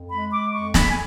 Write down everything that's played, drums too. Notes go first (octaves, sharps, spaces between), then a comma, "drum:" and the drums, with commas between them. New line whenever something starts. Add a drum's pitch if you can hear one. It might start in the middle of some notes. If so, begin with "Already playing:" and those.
Already playing: F2
G#3 B5
D6
F2 C#6
B5, drum: snare
G#5